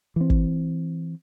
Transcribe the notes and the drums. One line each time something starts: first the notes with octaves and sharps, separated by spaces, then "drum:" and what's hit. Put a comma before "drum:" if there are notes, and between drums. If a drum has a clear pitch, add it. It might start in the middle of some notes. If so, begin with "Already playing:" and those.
E3 C4
drum: kick